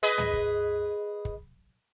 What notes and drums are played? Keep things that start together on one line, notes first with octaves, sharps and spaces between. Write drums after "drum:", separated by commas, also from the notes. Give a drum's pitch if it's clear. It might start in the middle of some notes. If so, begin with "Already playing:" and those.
G#4 B4 D#5
drum: tom
drum: kick
drum: kick